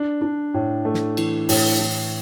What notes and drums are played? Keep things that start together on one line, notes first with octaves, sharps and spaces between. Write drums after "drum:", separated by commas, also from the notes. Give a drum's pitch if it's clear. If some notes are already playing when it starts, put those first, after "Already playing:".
Already playing: D4
D4
A2
A3
drum: snare
E3, drum: cymbal
A2, drum: open hi-hat
E3